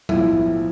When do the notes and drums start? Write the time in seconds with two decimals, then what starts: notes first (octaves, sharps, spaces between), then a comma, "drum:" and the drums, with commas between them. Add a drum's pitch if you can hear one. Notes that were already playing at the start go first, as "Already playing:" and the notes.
0.09 B1 A2 F3 E4, drum: tom F#3